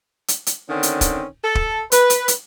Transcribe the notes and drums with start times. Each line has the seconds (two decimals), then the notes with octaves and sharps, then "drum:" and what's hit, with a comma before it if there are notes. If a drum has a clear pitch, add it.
0.28 drum: hi-hat
0.47 drum: hi-hat
0.69 D3 D#3 C4 C#4
0.83 drum: hi-hat
1.01 drum: kick, hi-hat
1.44 A4
1.55 drum: kick
1.92 B4, drum: hi-hat
2.10 drum: hi-hat
2.28 drum: hi-hat